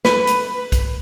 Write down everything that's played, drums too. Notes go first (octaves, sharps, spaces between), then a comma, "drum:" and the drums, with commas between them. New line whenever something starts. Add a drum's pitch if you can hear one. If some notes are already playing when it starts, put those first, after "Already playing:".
B4, drum: snare
drum: hi-hat
drum: kick B1, hi-hat